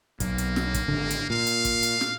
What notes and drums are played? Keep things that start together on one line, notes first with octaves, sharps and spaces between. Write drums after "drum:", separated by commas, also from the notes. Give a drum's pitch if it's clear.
B1 A#3, drum: kick, hi-hat
drum: hi-hat
drum: snare
drum: kick, hi-hat
G#1 D3
drum: hi-hat
A#2 F5
drum: hi-hat
drum: kick, hi-hat
drum: hi-hat
drum: snare